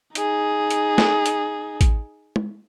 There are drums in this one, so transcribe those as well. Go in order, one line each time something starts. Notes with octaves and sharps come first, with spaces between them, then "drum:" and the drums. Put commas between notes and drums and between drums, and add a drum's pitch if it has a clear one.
D#4 G#4, drum: hi-hat
drum: hi-hat
drum: snare
drum: hi-hat
drum: kick, hi-hat
drum: tom G#3